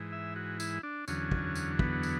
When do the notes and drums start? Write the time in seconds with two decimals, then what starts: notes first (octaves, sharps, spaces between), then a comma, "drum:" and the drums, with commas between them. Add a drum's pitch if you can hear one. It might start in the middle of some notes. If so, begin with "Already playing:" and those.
Already playing: G#2 E3
0.12 E5
0.36 F#4
0.60 E4, drum: tambourine
0.83 D4
1.08 E2 D3 F#3 C#4, drum: tambourine
1.31 drum: kick
1.55 drum: tambourine
1.79 B3, drum: kick
2.03 drum: tambourine